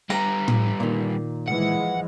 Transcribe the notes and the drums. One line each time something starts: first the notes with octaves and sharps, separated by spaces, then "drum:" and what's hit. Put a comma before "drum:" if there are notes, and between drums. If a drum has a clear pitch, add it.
G3 B3 A#5
drum: tom A2
A#2 D#3
E3 F3 G#3 F#5